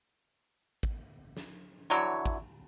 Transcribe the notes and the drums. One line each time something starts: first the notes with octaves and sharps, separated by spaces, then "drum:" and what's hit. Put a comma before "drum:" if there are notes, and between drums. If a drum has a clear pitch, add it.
drum: kick
drum: snare
D3 E3 F#3 C#5
drum: kick